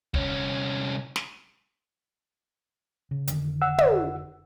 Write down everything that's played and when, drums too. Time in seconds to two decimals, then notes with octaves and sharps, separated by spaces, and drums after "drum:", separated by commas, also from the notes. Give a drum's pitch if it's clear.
0.14 C2 C#4, drum: kick
1.16 drum: snare
3.11 C#3
3.28 F1 D3 D#3, drum: hi-hat
3.62 F#5 E6
3.78 drum: tom